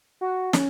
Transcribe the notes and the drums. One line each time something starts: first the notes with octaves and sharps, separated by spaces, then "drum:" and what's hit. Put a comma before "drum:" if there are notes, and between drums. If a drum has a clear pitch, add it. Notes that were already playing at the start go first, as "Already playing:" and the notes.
F#4
C#4, drum: snare